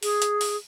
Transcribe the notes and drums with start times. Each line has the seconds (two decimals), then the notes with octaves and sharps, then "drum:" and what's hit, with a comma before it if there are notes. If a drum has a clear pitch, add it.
0.03 G#4, drum: open hi-hat
0.22 drum: hi-hat
0.41 drum: open hi-hat